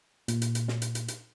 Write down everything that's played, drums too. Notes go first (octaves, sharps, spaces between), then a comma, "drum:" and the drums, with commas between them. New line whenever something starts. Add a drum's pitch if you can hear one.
A#2, drum: hi-hat
drum: hi-hat
drum: hi-hat
drum: snare
drum: hi-hat
drum: hi-hat
drum: hi-hat